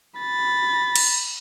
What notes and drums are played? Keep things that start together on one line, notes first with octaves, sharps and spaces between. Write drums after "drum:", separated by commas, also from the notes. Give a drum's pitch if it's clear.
B5 A6
drum: cymbal